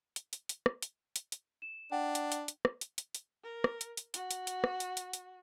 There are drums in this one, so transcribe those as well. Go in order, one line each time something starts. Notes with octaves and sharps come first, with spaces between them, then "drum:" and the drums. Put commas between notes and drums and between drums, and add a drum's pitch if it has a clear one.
drum: hi-hat
drum: hi-hat
drum: hi-hat
drum: rim click
drum: hi-hat
drum: hi-hat
drum: hi-hat
E7
D4 F#5 G5
drum: hi-hat
drum: hi-hat
drum: hi-hat
drum: rim click
drum: hi-hat
drum: hi-hat
drum: hi-hat
A#4
drum: rim click
drum: hi-hat
drum: hi-hat
F#4, drum: hi-hat
drum: hi-hat
drum: hi-hat
drum: rim click
drum: hi-hat
drum: hi-hat
drum: hi-hat